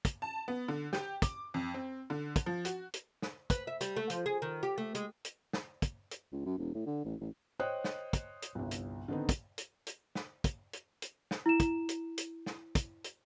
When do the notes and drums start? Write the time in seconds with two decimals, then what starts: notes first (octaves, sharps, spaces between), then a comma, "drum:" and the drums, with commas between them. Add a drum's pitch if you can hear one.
0.05 drum: kick, hi-hat
0.22 A5
0.48 B3
0.68 D3
0.93 G4, drum: snare
1.22 D6, drum: kick, hi-hat
1.54 F2
1.74 C4
2.10 D3
2.36 drum: kick, hi-hat
2.46 F3
2.65 F#4, drum: hi-hat
2.94 drum: hi-hat
3.22 drum: snare
3.50 B4, drum: kick, hi-hat
3.67 E5
3.81 G3, drum: hi-hat
3.97 A3
4.10 F3, drum: hi-hat
4.26 G#4
4.42 D#3
4.63 G4
4.78 A3
4.95 G#3, drum: hi-hat
5.25 drum: hi-hat
5.53 drum: snare
5.82 drum: kick, hi-hat
6.11 drum: hi-hat
6.32 C#2
6.46 F#2
6.58 E1
6.75 A2
6.86 D3
7.05 A1
7.21 A1
7.59 C5 C#5 D#5 G5 D#6 F#6
7.84 drum: snare
8.13 drum: kick, hi-hat
8.42 drum: hi-hat
8.55 G1 C2
8.71 drum: hi-hat
9.08 D3 D#3 B3 C4 D#4
9.29 drum: kick, hi-hat
9.58 drum: hi-hat
9.87 drum: hi-hat
10.15 drum: snare
10.44 drum: kick, hi-hat
10.73 drum: hi-hat
11.02 drum: hi-hat
11.31 drum: snare
11.46 E4 E7
11.60 drum: kick, hi-hat
11.89 drum: hi-hat
12.18 drum: hi-hat
12.46 drum: snare
12.75 drum: kick, hi-hat
13.04 drum: hi-hat